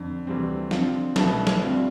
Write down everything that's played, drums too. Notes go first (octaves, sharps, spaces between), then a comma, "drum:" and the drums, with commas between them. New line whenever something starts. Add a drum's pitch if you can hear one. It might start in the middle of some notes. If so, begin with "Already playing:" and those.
Already playing: F2 D3
D2 C3 E3 G3 C4
D3 F3 C4 F4, drum: snare
C2 B2 A3 E4, drum: snare
drum: snare
D3 G3 C4 F4